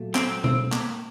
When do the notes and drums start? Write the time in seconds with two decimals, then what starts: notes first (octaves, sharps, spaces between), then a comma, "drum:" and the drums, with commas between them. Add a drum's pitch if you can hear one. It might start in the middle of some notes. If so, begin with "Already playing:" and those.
Already playing: A#2 F#3 A3
0.15 C4, drum: clap
0.44 C4, drum: tom B2
0.72 A#3, drum: clap